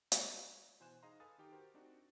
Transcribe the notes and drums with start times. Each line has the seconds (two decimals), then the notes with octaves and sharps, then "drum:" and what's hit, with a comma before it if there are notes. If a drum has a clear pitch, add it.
0.12 drum: hi-hat
0.80 B2 E3 C5 G#5 F#6 E7
1.02 D#4 G#4 D#5 F5 A#5 C6
1.20 A4 B4 F5 G#5 D#6 A6
1.38 D#3 D#4 G4 A#4 G5
1.52 F#4 G4 A#4 C5
1.74 C4 D4 D#4 F#4